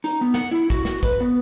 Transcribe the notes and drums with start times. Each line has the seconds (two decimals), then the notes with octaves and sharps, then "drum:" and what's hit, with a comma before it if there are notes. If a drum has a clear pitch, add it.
0.04 D#4, drum: hi-hat
0.21 B3
0.34 F#5, drum: snare
0.51 E4
0.70 F#4, drum: kick, hi-hat
0.85 F#4, drum: snare
1.03 B4, drum: kick, hi-hat
1.20 B3